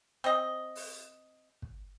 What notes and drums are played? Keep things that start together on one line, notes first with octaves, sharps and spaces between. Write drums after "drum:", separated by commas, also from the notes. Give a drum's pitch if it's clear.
C4 D#5
drum: open hi-hat
drum: kick